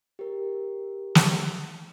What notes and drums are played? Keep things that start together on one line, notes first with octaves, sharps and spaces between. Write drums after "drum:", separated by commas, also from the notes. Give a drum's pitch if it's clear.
G4 A#4
drum: snare